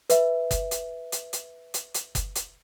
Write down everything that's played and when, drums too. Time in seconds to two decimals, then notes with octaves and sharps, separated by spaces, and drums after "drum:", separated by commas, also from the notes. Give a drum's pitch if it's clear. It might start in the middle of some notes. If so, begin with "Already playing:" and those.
0.10 B4 E5, drum: hi-hat
0.51 drum: kick F#1, hi-hat
0.71 drum: hi-hat
1.12 drum: hi-hat
1.33 drum: hi-hat
1.74 drum: hi-hat
1.94 drum: hi-hat
2.15 drum: kick F#1, hi-hat
2.35 drum: hi-hat